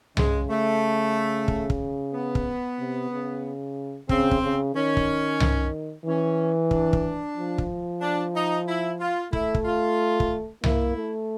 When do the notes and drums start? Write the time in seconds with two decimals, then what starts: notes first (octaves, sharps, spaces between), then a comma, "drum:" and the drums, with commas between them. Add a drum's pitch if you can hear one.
0.17 C#3 G#3, drum: tom C2
0.50 A3
1.48 drum: kick
1.70 drum: kick
2.13 B3
2.35 drum: kick
2.79 C3
3.11 C#3
4.09 C#3 C4, drum: kick
4.31 drum: kick
4.42 C#3
4.75 D#3 C#4
4.97 drum: kick
5.40 drum: tom C2
6.06 E3 C#4
6.71 D4, drum: kick
6.93 drum: kick
7.37 F3
7.58 drum: kick
8.01 D4
8.34 D#4
8.67 E4
9.00 F4
9.33 A3 E4, drum: kick
9.55 drum: kick
9.65 F4
10.20 drum: kick
10.64 A#3 E4, drum: tom C2
10.96 A3